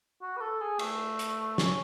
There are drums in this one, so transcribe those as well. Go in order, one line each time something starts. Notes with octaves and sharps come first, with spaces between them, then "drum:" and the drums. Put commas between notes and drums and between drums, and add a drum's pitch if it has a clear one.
F#4
B4
A4
G#4
A3, drum: cymbal
drum: hi-hat
C#4, drum: snare